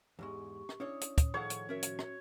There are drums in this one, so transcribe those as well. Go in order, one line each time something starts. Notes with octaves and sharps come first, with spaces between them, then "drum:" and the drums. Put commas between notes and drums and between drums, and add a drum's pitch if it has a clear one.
E2 G#2 G#3 G4 C#6
drum: rim click
C#4 D4 E4 C#5 D#6
drum: hi-hat
drum: kick, hi-hat
A2 D#3 F3 G#4 A4 C#5 F#5
drum: hi-hat
C#4 F#4 A#4 E5
drum: hi-hat
drum: rim click